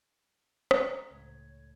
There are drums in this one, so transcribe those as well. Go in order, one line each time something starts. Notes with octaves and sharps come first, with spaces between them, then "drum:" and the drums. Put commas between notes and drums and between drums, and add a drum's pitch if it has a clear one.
A#5, drum: rim click
C#2 A2 C#5